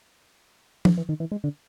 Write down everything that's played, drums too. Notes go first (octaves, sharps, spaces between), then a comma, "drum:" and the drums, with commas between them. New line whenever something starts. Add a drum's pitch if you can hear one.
E3, drum: tom
E3
D#3
E3
G#3
D3